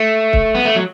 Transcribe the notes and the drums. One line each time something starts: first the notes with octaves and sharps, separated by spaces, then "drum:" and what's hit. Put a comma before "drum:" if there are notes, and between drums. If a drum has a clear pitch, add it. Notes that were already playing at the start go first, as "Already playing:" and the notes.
Already playing: A3
drum: kick
B3
A3
F#3